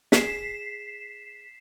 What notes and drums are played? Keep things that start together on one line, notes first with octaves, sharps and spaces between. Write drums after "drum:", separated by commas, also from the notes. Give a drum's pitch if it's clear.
G#4 B6 C7 E7, drum: snare